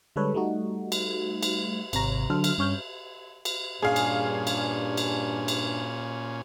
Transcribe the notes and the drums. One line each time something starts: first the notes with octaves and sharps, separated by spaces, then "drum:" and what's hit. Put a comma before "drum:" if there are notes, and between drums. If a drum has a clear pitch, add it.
D3 G3 G#3 A4 B4 C#5
G3 A3 D#4 F#4
drum: cymbal
drum: cymbal
G#1 C3 C#5 A#5, drum: cymbal
D3 F#3 D4 A4 C5 F6
drum: cymbal
G2 C#4 C#5 F6 G6
drum: cymbal
G2 A#2 C#4 D4 G#4 F5
drum: cymbal
drum: cymbal
drum: cymbal
drum: cymbal